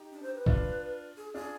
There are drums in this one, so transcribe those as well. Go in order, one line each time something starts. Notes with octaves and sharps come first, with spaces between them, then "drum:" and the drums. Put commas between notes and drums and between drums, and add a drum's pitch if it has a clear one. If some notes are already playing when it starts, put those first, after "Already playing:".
Already playing: D#4 G4
D4
C5
B4
D4 F4, drum: kick
G#4
D4 F4 G#4